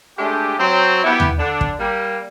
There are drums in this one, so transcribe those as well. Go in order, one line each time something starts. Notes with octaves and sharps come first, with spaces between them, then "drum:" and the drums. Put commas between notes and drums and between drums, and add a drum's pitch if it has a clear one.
G#3 A3 D4 G4
F#3 C4
B3 E4 G4
drum: tom D#2
D3 D4
drum: kick
G3 A#3